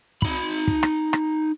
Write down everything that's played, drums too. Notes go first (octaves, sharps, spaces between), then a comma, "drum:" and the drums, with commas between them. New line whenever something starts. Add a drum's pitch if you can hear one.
D#4 B5, drum: kick
drum: kick
drum: rim click
drum: rim click